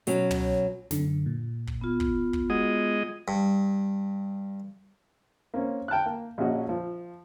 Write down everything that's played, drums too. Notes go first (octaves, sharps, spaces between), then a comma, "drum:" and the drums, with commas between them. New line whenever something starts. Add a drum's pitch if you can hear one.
B2 F#3 C#4, drum: hi-hat
drum: tom
F#2 D3, drum: snare
A#2
drum: kick
B3 F4
drum: kick
drum: kick
G#3 F#4 D#5
G2
A#3 C4 C#4
G5 A5 F6 F#6
A#3
A#1 A#2 C#4 F#4 D#5
F3